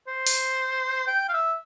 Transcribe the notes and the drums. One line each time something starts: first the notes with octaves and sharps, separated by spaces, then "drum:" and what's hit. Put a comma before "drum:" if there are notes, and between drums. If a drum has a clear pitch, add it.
C5
drum: open hi-hat
G5
F5
E5